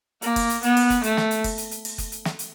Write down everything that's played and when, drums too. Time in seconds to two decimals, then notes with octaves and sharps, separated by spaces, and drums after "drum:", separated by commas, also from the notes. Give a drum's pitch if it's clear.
0.22 A#3, drum: hi-hat
0.36 drum: kick F#1, open hi-hat
0.50 drum: hi-hat
0.63 B3, drum: hi-hat
0.77 drum: open hi-hat
0.90 drum: kick F#1, hi-hat
1.03 A3, drum: hi-hat
1.17 drum: snare
1.31 drum: hi-hat
1.44 drum: kick F#1, open hi-hat
1.58 drum: hi-hat
1.71 drum: hi-hat
1.85 drum: open hi-hat
1.98 drum: kick F#1, hi-hat
2.12 drum: hi-hat
2.25 drum: snare
2.39 drum: hi-hat